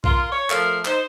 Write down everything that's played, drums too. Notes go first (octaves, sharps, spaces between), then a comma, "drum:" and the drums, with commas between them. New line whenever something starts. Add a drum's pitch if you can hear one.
F4 A#4, drum: kick B1
C#5
F3 A3 A#4 F5, drum: clap
D#4 C5, drum: clap